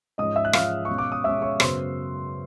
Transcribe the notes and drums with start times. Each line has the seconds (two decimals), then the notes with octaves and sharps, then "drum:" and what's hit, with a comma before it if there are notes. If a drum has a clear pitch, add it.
0.18 G#2 F3 G#3 C#4 D#5 D#6
0.36 E5 E6
0.45 F#6
0.53 G#2 F3 G#3 C#4 F5 F6, drum: rim click
0.85 B2 G#3 C#4 C#6
0.98 D6
1.12 D#6
1.24 B2 G#3 C#4 E5 E6
1.42 C#5 C#6
1.60 F#2 C#3 F#3 B3 C5 C6, drum: rim click